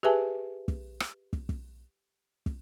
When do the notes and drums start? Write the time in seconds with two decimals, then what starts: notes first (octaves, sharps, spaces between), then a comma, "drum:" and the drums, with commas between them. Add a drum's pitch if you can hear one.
0.03 G4 G#4 B4 E5 G#5 A5
0.68 drum: kick
1.00 drum: rim click
1.33 drum: kick
1.49 drum: kick
2.46 drum: kick